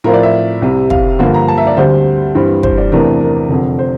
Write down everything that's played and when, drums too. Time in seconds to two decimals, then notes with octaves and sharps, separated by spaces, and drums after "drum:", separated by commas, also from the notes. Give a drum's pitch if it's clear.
0.04 A2 F3 C4 F4 A#4
0.14 D5
0.23 E5
0.62 C2 C3 G3
0.90 F5, drum: kick
1.19 G2 D3 F3 A#3
1.34 A#5
1.48 A5
1.58 E5
1.67 D5
1.77 D2 D3 G3 C4 C5
2.35 G2 E3 G3 C4
2.63 C5, drum: kick
2.78 D5
2.92 E2 C3 E3 A3 D4 A#4
3.21 A#4
3.49 F1 F2 D3
3.79 C5